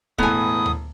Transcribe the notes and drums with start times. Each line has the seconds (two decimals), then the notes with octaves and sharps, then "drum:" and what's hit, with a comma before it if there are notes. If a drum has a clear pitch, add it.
0.18 E1 A2 B3 G#5 D#6, drum: kick
0.66 drum: tom D2